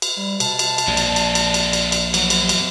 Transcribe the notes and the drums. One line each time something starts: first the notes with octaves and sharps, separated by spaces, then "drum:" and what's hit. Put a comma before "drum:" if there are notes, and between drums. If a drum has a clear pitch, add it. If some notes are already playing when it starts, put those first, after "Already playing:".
drum: cymbal
G3
B2 A5, drum: cymbal
drum: cymbal
drum: cymbal
A#1 G#3 C4 D5
drum: cymbal
drum: cymbal
drum: cymbal
drum: cymbal
drum: cymbal
drum: cymbal
B2 E3 F#3 F#5, drum: cymbal
drum: cymbal
drum: cymbal